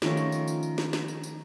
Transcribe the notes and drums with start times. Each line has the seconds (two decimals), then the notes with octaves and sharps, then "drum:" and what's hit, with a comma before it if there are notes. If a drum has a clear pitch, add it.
0.02 D#3 F3 A3 C#4, drum: snare
0.17 drum: tambourine
0.32 drum: tambourine
0.48 drum: tambourine
0.63 drum: tambourine
0.78 drum: snare
0.93 drum: snare
1.08 drum: tambourine
1.23 drum: tambourine